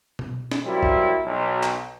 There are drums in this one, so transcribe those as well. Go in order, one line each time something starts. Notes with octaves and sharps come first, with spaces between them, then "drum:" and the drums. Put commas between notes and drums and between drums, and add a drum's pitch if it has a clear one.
drum: tom B2
drum: snare
F#3 G3 A#3 C4 E4
drum: kick A1
B1
drum: clap